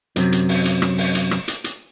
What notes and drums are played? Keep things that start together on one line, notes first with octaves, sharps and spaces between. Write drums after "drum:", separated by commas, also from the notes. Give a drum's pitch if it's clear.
F#2 C3 D#3 F#3, drum: hi-hat
drum: hi-hat
drum: open hi-hat
drum: hi-hat
drum: rim click
drum: open hi-hat
drum: hi-hat
drum: rim click
drum: hi-hat
drum: hi-hat